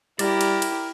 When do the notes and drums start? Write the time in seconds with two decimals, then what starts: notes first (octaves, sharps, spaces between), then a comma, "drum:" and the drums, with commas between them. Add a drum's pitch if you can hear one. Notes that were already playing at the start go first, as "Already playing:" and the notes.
0.19 G3 E4 G4 A#4 D5, drum: cymbal
0.41 drum: cymbal
0.62 drum: cymbal